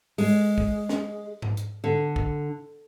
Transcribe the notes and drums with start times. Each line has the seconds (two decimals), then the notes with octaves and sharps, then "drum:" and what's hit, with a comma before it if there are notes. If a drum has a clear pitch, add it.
0.18 G#3, drum: open hi-hat
0.58 drum: kick
0.89 drum: snare
1.42 drum: tom G#2
1.57 drum: hi-hat
1.84 D3
2.16 drum: kick